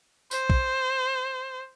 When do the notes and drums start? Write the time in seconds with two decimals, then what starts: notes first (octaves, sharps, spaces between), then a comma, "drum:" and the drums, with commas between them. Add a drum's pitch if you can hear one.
0.31 C5, drum: tambourine
0.50 drum: kick